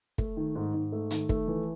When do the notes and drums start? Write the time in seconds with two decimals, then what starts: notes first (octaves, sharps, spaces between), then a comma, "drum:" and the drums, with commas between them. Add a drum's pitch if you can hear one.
0.18 A3, drum: kick
0.37 D#3
0.55 G#2
0.74 G#2
0.92 A3
1.11 D#3, drum: hi-hat
1.29 A3, drum: kick
1.48 E3